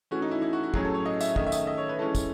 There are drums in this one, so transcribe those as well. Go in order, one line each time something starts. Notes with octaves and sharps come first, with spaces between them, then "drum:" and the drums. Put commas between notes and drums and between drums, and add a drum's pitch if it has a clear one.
E3 A3 C#4 F#4
D#4
E4
E4
F#4
F#4
A2 F#3 C#4 G#4, drum: kick
A4
C#5
D#5
E5, drum: tambourine
D#3 A3 C#4 D#5, drum: kick
E5
D#5, drum: tambourine
D#5
C#5
B4
E3 G#3 C#4 A4
drum: kick, tambourine